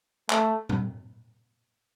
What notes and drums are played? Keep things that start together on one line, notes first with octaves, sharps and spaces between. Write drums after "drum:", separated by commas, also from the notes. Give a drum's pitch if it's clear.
A3, drum: clap
drum: tom A#2